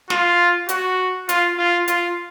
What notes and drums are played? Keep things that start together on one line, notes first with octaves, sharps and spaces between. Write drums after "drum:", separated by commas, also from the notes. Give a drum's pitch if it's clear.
F4, drum: snare
F#4, drum: hi-hat
F4, drum: hi-hat
F4
F4, drum: hi-hat